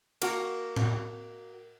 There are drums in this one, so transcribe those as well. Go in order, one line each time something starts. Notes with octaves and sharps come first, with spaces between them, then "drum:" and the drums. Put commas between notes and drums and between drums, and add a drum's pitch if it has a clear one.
A#3 F#4 A#4, drum: cymbal
drum: tom A2